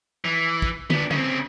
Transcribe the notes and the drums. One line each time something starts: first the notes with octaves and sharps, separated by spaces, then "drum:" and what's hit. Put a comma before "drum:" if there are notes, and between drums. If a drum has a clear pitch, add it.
E3
drum: kick
B3 D4, drum: tom
C#3 C4, drum: tom D3